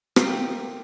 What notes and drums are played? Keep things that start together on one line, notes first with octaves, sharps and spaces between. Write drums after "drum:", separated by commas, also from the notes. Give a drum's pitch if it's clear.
A3 A#3 D#4 F4 G4 A#4, drum: rim click